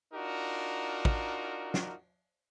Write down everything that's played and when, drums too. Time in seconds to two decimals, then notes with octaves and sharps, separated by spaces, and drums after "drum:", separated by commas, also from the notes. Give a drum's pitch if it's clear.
0.13 D4 D#4 F4 F#4 A#4
1.05 drum: kick
1.74 drum: snare